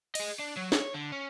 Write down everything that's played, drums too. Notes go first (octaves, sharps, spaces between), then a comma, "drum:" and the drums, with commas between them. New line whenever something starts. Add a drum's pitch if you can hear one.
G#4 D#5, drum: cymbal
D4
F#3
C#5, drum: snare
D3
C#4